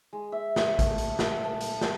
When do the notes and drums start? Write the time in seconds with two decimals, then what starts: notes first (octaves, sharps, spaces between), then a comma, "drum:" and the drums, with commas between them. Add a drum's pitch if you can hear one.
0.13 G#3
0.32 E5
0.56 drum: snare
0.79 A3, drum: kick A1, hi-hat
0.98 drum: hi-hat
1.19 drum: snare
1.44 A5
1.61 drum: hi-hat
1.81 G5, drum: snare